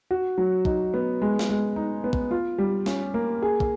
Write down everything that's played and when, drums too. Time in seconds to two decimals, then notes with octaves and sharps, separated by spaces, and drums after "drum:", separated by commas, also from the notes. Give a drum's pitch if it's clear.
0.11 F#4
0.38 F#3
0.65 D#4, drum: kick
0.94 B3
1.22 G#3
1.39 drum: snare
1.49 G#3
1.76 D#4
2.04 B3
2.13 drum: kick
2.31 F4
2.58 G3
2.86 C#4, drum: snare
3.14 A#3
3.42 G#4
3.60 drum: kick